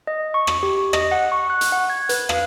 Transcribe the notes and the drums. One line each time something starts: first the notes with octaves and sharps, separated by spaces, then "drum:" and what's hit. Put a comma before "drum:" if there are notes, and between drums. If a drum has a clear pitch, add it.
D#5
C#6
drum: rim click
G4
D#5, drum: rim click
F#5
C#6
F#6
drum: hi-hat
F#5
G#6
B4, drum: hi-hat
F5, drum: rim click